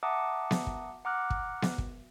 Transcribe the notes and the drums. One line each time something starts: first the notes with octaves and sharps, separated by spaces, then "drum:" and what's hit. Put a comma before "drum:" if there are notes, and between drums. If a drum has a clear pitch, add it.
E5 F#5 A5 A#5 D6 D#6
drum: snare B3
drum: kick
F#5 A#5 D6 F6 F#6
drum: kick
drum: snare B3
drum: kick